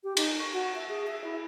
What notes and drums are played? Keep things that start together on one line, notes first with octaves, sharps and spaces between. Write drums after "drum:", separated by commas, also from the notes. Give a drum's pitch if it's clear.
G4
D#4, drum: cymbal
C#6
F#4
E5
G#4
E5
E4